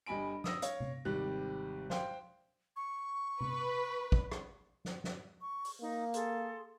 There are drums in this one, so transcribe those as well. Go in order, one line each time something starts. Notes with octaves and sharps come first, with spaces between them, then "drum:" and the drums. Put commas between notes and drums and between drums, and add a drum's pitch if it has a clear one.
G1 G3 D#5 G#5 B5 D7
D#6 E6 A#6, drum: snare
C#5 F5, drum: hi-hat
drum: tom C3
G#1 C3 G3 G4 F#6
C5 F5 G5, drum: snare
C#6
B4, drum: tom C3
drum: kick
drum: rim click
drum: snare
drum: snare
C#6
drum: open hi-hat
A#3 D#4
G#4 A4 C6, drum: hi-hat